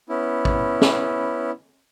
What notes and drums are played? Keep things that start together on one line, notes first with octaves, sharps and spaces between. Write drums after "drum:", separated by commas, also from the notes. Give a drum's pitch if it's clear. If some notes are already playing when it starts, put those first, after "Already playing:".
B3 C#4 E4
drum: kick
drum: snare